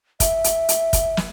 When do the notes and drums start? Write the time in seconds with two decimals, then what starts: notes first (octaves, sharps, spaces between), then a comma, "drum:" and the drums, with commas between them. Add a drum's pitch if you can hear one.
0.20 E5, drum: kick, hi-hat
0.44 drum: hi-hat
0.69 drum: hi-hat
0.93 drum: kick, hi-hat
1.17 drum: snare